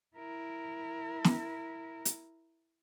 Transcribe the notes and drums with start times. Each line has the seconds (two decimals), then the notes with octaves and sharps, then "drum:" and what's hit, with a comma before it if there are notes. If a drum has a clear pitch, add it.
0.17 E4 A#4
1.24 drum: snare
2.05 drum: hi-hat